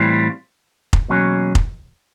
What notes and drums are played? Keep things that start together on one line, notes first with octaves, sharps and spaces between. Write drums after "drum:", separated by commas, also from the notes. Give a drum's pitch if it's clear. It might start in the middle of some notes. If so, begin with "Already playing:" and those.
Already playing: A2 E3 G3 C4 F4
drum: kick F1
E2 B2 F#3 A#3 C#4
drum: kick F1